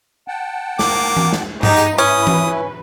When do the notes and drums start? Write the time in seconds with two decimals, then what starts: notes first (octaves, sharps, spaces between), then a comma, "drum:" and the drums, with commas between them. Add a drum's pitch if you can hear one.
0.28 F#5 G5 A5
0.79 A#3 D6, drum: snare
1.17 drum: tom E3
1.33 drum: snare
1.63 D#4 G4 G#4 F#5, drum: tom G2
1.77 drum: tambourine
1.98 C#4 E4 B4 D#6
2.27 drum: tom E3